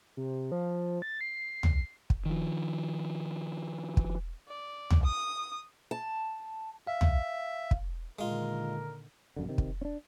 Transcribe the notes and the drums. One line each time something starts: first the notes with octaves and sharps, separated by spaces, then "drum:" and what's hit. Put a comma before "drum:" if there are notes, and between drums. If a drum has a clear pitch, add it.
C3
F3
A6
C7
drum: tom
drum: kick
D#3 F3
drum: kick
D5
drum: tom
D#6
A5
E5 F5
drum: tom
drum: kick
A#2 D3 D#3 G#3 F4 A#4
A#1 F#2 D3
C3 D#3
drum: kick
C#4 D4